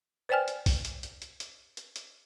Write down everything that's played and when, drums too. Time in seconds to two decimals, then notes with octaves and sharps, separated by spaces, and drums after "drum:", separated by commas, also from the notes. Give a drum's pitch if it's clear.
0.29 B4 C5 D5 G5 G#5 F6
0.48 drum: hi-hat
0.66 drum: kick A#1, open hi-hat
0.85 drum: hi-hat
1.03 drum: hi-hat
1.22 drum: hi-hat
1.40 drum: hi-hat
1.77 drum: hi-hat
1.96 drum: hi-hat